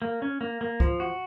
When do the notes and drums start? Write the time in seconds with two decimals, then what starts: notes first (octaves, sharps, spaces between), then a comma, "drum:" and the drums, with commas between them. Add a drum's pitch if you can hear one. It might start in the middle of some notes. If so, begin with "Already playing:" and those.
0.02 A#3
0.22 C#4
0.41 A#3
0.61 A#3
0.80 F3, drum: kick C#2
1.00 F#4